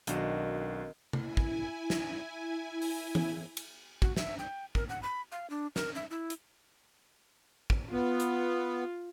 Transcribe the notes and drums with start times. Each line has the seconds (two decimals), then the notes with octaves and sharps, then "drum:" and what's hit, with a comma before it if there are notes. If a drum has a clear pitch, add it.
0.07 B1 D#3 C4 D4 F#4 D#5, drum: hi-hat
1.13 E4 G#5, drum: tom C3
1.37 drum: kick
1.90 drum: snare
2.82 drum: open hi-hat
3.15 drum: tom E3
3.57 drum: cymbal
4.02 F#4, drum: kick
4.16 E5, drum: snare
4.39 G5
4.75 A#4, drum: kick
4.89 F#5
5.03 B5
5.32 F5
5.50 D4
5.76 A#4, drum: snare
5.95 E5
6.11 E4
6.30 drum: hi-hat
7.70 drum: kick
7.92 B3 F4
8.20 drum: hi-hat